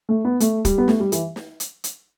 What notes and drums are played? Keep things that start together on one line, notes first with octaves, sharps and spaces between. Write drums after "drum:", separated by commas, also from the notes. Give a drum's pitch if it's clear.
A3
B3
A3, drum: hi-hat
G3, drum: kick, hi-hat
B3
A3, drum: snare
G3
E3, drum: hi-hat
drum: snare
drum: hi-hat
drum: hi-hat